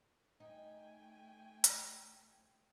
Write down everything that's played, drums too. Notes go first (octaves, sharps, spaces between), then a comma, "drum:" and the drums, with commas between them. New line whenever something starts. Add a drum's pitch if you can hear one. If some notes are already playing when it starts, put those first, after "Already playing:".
A3 D#4 G5 G#5
drum: hi-hat